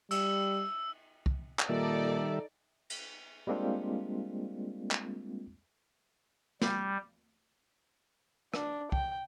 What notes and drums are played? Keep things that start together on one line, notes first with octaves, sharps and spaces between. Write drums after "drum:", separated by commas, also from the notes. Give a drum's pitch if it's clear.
G3 E6, drum: cymbal
drum: kick C2
drum: clap
A#2 D#3 G3 D#4 A4 D5 E5
drum: cymbal
G3 G#3 A#3 C4 D4 F4
drum: clap
G3, drum: snare
D4, drum: rim click
G5, drum: kick C2